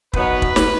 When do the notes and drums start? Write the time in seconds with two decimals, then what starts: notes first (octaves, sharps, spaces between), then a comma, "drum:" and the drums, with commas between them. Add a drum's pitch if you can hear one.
0.13 F#2 F#3 B3 D#4 B4, drum: kick
0.42 drum: kick
0.56 drum: snare